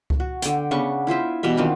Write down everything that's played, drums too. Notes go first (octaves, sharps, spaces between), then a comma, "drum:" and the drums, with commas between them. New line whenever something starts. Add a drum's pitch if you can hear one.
drum: kick C#2
F#4
D3 G5, drum: hi-hat
C#3 B3 D4 C#6
E4 F4 C5 E5
B2 E3 G3 E5
D#3 C4 D4 F4